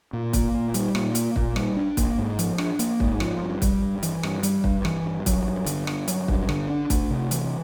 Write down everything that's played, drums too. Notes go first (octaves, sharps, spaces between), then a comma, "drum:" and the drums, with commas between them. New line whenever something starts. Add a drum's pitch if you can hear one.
A#2
A#3, drum: kick, hi-hat
A#2
G3, drum: hi-hat
A#2, drum: rim click
A#3, drum: hi-hat
A#2, drum: kick
G3, drum: rim click
D4
A#3, drum: kick, hi-hat
G#2
F3, drum: hi-hat
D4, drum: rim click
A#3, drum: hi-hat
G#2, drum: kick
F3, drum: rim click
G2
G3, drum: kick, hi-hat
G2
E3, drum: hi-hat
G2, drum: rim click
G3, drum: hi-hat
G2, drum: kick
E3, drum: rim click
G2
F#3, drum: kick, hi-hat
G2
D3, drum: hi-hat
G2, drum: rim click
F#3, drum: hi-hat
G2, drum: kick
D3, drum: rim click
D4
A3, drum: kick, hi-hat
C3
E3, drum: hi-hat